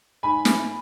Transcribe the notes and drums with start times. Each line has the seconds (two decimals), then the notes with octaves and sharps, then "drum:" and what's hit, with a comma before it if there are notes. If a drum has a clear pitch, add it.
0.23 G#2 G#5 B5
0.45 drum: snare